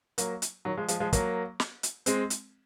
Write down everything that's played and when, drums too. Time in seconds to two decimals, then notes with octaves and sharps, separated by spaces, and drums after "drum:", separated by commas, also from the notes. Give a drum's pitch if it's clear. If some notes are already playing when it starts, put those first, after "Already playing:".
0.18 F#3 A#3, drum: hi-hat
0.42 drum: hi-hat
0.65 D#3 F#3
0.77 F3 G#3
0.88 F3 G#3, drum: hi-hat
1.00 F3 G#3
1.13 F#3 A#3, drum: kick, hi-hat
1.60 drum: snare
1.83 drum: hi-hat
2.06 G#3 C4, drum: hi-hat
2.30 drum: hi-hat